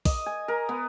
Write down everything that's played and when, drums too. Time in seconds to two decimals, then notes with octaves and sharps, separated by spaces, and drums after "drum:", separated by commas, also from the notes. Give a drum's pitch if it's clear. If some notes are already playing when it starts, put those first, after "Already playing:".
0.05 D#5, drum: kick, open hi-hat
0.26 G#5
0.48 A#4
0.69 B3